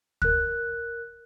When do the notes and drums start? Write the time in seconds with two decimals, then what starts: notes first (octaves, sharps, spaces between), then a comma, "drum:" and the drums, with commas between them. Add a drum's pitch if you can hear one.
0.22 A#4 F#6, drum: kick